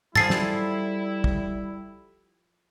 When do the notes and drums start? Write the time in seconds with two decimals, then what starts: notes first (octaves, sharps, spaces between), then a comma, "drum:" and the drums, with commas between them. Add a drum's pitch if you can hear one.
0.15 F3 G3 E4 G#4 A4 A6 C7, drum: tom G#2
0.30 drum: snare
1.24 drum: kick